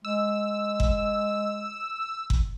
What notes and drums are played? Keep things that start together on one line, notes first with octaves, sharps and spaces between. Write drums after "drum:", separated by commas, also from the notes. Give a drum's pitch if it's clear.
G#3 E6
drum: kick F#1
drum: kick F#1